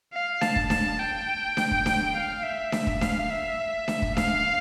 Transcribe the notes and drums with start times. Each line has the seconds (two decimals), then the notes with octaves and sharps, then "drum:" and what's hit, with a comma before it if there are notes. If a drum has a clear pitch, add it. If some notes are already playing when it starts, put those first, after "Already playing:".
0.13 F5
0.41 A5, drum: snare D4
0.56 drum: kick
0.70 A5, drum: snare D4
0.99 G5
1.57 drum: snare D4
1.71 drum: kick
1.86 drum: snare D4
2.14 F5
2.43 E5
2.72 drum: snare D4
2.87 drum: kick
3.01 F5, drum: snare D4
3.30 E5
3.88 drum: snare D4
4.02 drum: kick
4.17 F5, drum: snare D4